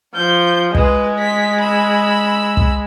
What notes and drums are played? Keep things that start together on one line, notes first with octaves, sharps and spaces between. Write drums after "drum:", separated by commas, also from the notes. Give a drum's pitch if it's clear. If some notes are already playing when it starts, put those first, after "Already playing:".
F3 G6
G#3 B4, drum: kick
B6
B5 E6
drum: kick